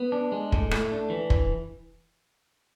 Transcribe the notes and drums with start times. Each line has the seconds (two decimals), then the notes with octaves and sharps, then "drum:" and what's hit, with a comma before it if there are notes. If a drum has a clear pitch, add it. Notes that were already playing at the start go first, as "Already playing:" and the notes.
Already playing: B3
0.12 D4
0.32 G#3
0.52 A2, drum: kick
0.71 A3, drum: rim click
0.92 D4
1.10 E3
1.30 drum: kick